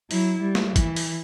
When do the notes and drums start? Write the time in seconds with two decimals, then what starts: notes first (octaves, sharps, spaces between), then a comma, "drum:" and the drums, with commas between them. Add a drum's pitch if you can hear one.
0.11 F#3 E4, drum: open hi-hat
0.41 G3
0.55 drum: snare
0.76 E3, drum: kick, hi-hat
0.96 drum: open hi-hat